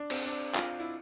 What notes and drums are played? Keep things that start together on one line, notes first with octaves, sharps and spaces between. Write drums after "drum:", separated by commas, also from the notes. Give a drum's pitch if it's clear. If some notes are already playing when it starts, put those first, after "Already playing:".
Already playing: D4
C4, drum: cymbal
D4
F4, drum: clap
E4